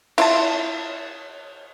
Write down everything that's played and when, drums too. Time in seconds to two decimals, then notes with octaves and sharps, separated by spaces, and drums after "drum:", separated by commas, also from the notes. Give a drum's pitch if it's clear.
0.18 E4 F4 A5, drum: cymbal